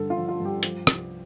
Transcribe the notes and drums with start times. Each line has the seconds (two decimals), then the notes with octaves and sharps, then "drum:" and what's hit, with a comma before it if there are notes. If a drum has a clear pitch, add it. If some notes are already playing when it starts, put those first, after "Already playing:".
Already playing: G2 D3 A4
0.10 F4
0.15 F3
0.28 F4
0.40 G2
0.45 G4
0.63 F3, drum: hi-hat
0.87 C2, drum: rim click